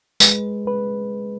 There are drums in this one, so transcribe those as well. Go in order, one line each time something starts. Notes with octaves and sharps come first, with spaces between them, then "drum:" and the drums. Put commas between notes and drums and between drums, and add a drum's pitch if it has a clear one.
G#3 B4, drum: tambourine
B4